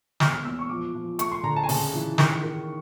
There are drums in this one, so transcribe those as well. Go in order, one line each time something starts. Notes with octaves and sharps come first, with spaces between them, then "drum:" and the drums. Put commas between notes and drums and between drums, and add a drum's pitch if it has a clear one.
E1 F6, drum: snare
F6
E2 E6
C#6
F3 D6
F3
A3 C#6, drum: hi-hat
C6
D3 A#5
A5
G#5
C#3 A5, drum: open hi-hat
E3
D#3 C#6, drum: snare
D#3